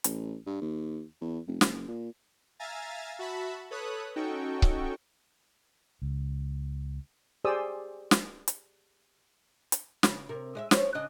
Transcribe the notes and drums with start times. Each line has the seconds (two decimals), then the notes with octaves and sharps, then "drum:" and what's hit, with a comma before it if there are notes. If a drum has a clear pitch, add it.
0.04 A1, drum: hi-hat
0.47 G2
0.62 D#2
1.21 E2
1.47 F1
1.61 F#1, drum: snare
1.88 A#2
2.59 E5 F5 G#5 A#5 A6
3.19 F#4 E5 A5 B5
3.70 A4 B4 C#5 B5 D#6 F#6
4.16 C#4 D#4 F#4 A4 G5 C#6
4.62 drum: kick C#1
6.02 C#2
7.44 G4 G#4 C5 D5 D#6 E6
8.11 drum: snare
8.48 drum: hi-hat
9.72 drum: hi-hat
10.03 C#3, drum: snare
10.29 C3 A#4
10.55 G#3 D#5 E5
10.71 C#4 C5 C#5, drum: snare
10.95 C#3 D4 D#5